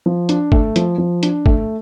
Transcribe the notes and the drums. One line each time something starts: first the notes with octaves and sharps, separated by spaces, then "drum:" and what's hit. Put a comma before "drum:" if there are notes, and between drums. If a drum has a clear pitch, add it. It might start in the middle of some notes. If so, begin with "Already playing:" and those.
F3
D4, drum: hi-hat
A3, drum: kick
F3, drum: hi-hat
F3
D4, drum: hi-hat
A3, drum: kick